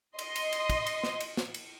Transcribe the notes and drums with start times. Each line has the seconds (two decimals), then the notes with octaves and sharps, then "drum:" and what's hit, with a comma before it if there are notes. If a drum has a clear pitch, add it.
0.19 D#5 C6, drum: cymbal
0.36 drum: cymbal
0.53 drum: cymbal
0.70 drum: kick, cymbal
0.87 drum: cymbal
1.03 drum: snare
1.20 drum: cymbal
1.37 drum: snare
1.54 drum: cymbal